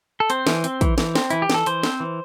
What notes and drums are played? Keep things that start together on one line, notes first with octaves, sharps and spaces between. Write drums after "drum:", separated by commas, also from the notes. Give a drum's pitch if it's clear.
A4
C4 C5, drum: hi-hat
E3, drum: snare
C4, drum: hi-hat
E3, drum: kick, hi-hat
E3, drum: snare
C4, drum: snare
E3 E4, drum: hi-hat
G4
E3 A4, drum: snare
E3 C5, drum: hi-hat
C4, drum: snare
E3